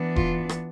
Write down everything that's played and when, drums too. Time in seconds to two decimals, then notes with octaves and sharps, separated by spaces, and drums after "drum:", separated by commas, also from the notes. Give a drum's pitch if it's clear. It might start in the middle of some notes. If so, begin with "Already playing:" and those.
Already playing: E3 B3 D4
0.16 F4, drum: kick E1
0.49 drum: rim click